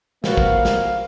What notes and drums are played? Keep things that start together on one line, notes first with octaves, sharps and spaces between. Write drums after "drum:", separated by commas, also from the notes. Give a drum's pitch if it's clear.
F3 A#3 B3 F#4 F5, drum: snare
drum: kick
drum: snare